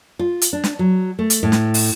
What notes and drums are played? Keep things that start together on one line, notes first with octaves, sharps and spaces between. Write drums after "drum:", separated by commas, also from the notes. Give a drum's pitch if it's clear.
F4
drum: hi-hat
D4
drum: snare
F#3
A3
drum: hi-hat
A2
drum: snare
drum: open hi-hat